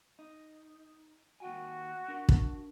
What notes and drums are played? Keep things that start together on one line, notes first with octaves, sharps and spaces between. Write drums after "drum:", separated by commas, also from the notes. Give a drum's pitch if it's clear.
D#4
D#2 F#4 G5 G#5
D4 A#4
drum: kick